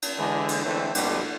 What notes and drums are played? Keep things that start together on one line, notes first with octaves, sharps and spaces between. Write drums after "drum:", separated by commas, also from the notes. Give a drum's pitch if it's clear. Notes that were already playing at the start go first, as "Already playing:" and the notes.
drum: cymbal
D3 E3 G#3
drum: cymbal
D3 E3 G#3 A3 C4
B1 F2 B2 D3 G3 G4, drum: cymbal